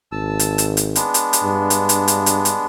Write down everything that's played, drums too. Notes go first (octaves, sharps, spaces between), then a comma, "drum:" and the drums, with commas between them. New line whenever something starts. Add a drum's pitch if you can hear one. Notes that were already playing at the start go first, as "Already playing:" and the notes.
G#1 A5 E6
drum: hi-hat
drum: hi-hat
drum: hi-hat
G#3 B3 D4, drum: hi-hat
drum: hi-hat
drum: hi-hat
G2
drum: hi-hat
drum: hi-hat
drum: hi-hat
drum: hi-hat
drum: hi-hat